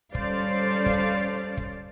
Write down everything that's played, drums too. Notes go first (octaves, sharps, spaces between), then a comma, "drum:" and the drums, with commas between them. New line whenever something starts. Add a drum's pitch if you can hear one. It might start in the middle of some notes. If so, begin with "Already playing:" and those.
G3 C#4 A4 C5 D5 F5, drum: kick
drum: kick
drum: kick